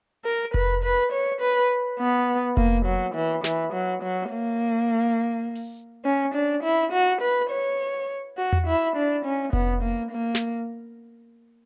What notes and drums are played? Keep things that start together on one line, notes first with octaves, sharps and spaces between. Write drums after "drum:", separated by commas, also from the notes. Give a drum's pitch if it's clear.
A#4
B4, drum: kick F1
B4
C#5
B4
B3
A#3, drum: kick F1
F#3
E3
E3, drum: snare
F#3
F#3
A#3
drum: open hi-hat
C#4
D4
E4
F#4
B4
C#5
F#4
drum: tom E2
E4
D4
C#4
B3, drum: kick F1
A#3
A#3
drum: snare